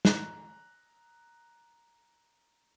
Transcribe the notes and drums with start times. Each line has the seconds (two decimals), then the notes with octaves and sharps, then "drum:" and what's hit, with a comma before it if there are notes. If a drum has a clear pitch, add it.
0.05 A#5 F#6, drum: snare